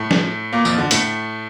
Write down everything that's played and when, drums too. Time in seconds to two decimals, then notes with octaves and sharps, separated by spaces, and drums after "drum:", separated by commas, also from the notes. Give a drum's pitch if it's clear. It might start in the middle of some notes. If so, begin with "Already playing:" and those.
Already playing: A2 A3
0.11 drum: snare
0.53 A#2 A#3
0.65 F2 F3, drum: tambourine
0.78 D3
0.91 A2 A3, drum: hi-hat